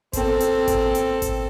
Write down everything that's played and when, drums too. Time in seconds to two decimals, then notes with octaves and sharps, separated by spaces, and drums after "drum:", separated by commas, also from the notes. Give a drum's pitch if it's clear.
0.13 C4 A4, drum: kick G#1, hi-hat
0.40 drum: hi-hat
0.68 drum: kick G#1, hi-hat
0.95 drum: hi-hat
1.22 drum: kick G#1, hi-hat